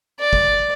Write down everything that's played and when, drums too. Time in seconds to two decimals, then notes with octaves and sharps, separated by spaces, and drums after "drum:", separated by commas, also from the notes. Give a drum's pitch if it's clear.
0.20 D5
0.33 drum: kick G1